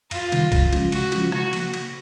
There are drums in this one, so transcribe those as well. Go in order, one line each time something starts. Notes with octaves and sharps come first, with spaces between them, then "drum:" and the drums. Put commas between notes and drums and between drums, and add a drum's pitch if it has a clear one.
F2 F4, drum: cymbal
C3 D#3 G3, drum: cymbal
C#3, drum: kick, cymbal
F3 G#3 C#4 F4, drum: cymbal
C#3 F#4, drum: cymbal
F3 G#3 C#4 F4, drum: cymbal
C#3 F#4, drum: rim click
F3 A#3, drum: cymbal
C#3, drum: cymbal